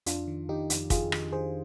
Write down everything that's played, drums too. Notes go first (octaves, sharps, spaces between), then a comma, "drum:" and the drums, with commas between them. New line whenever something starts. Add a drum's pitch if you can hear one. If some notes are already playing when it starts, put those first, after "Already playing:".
F2 D4 F4, drum: hi-hat
D#3
D#3 D#4 G4
F2, drum: hi-hat
F2 F4 G#4, drum: kick, hi-hat
D#3, drum: rim click
D#3 G#4 C5